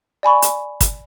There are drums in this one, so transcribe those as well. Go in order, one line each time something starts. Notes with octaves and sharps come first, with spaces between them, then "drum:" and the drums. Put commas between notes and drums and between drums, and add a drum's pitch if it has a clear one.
D5 G#5 B5 C#6
drum: hi-hat
drum: kick, hi-hat